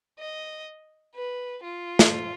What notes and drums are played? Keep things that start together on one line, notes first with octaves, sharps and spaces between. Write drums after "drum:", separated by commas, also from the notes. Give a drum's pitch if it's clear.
D#5
B4
F4
drum: snare